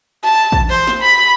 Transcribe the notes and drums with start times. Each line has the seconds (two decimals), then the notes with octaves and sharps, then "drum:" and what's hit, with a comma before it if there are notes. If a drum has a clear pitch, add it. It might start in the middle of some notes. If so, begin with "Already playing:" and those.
0.24 A5
0.52 drum: kick
0.70 C5
0.87 drum: snare
1.02 B5